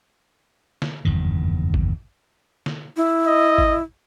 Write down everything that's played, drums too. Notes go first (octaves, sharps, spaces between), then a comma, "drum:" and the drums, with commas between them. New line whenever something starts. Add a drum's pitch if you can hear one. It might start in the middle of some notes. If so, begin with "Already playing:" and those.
drum: snare
F#1 E2 G2 D#3
drum: kick G#1
drum: snare
E4
D#5
drum: kick G#1